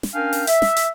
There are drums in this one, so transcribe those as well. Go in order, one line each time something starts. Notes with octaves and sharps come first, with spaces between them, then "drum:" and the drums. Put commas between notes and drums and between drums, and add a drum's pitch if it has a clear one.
drum: snare
C#4 D4 A#4 F5 G5 G#5
drum: open hi-hat
E5, drum: hi-hat
drum: snare
drum: hi-hat